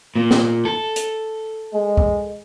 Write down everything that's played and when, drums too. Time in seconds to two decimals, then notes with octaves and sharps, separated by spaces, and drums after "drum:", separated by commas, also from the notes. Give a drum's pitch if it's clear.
0.16 A#2
0.31 drum: snare
0.65 A4
0.96 drum: hi-hat
1.74 G#3
1.97 drum: kick